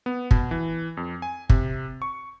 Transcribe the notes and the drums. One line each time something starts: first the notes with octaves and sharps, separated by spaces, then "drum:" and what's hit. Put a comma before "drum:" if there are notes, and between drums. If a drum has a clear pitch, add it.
B3
B2, drum: kick
E3
F2
G#5
C3, drum: kick
C#6